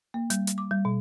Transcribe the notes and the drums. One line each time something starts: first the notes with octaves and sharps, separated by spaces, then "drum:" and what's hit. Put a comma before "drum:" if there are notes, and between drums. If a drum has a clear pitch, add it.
A#3
G3, drum: hi-hat
drum: hi-hat
D6
G3
B2